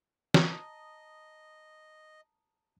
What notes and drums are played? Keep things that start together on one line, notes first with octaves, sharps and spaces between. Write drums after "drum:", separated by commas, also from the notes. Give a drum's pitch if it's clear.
D#5 A5 A#5 D#6, drum: snare